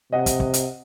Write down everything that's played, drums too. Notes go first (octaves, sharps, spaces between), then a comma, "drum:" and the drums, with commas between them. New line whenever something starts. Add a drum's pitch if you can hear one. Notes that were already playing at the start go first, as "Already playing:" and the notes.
C3 D#5 F#5
drum: kick, hi-hat
drum: kick
drum: hi-hat